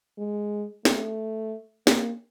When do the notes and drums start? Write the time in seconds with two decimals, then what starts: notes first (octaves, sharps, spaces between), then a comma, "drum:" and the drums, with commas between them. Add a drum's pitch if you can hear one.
0.18 G#3
0.85 A3, drum: snare
1.87 A#3, drum: snare